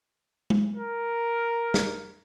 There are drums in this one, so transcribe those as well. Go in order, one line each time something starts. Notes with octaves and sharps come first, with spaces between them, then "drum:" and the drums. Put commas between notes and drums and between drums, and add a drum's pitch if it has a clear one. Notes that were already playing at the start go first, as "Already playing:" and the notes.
drum: tom G#3
A#4
drum: snare